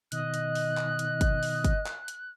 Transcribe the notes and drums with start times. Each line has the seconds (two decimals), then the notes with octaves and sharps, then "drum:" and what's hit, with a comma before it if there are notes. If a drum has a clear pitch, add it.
0.12 B2 D#3 D#5 F#6, drum: hi-hat
0.34 drum: hi-hat
0.55 drum: open hi-hat
0.77 drum: clap
0.99 drum: hi-hat
1.21 drum: kick, hi-hat
1.43 drum: open hi-hat
1.64 drum: kick, hi-hat
1.86 drum: clap
2.08 drum: hi-hat